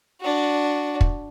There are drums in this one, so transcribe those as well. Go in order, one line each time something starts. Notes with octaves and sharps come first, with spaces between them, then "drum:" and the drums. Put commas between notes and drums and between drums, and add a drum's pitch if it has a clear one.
D4 F#4
drum: kick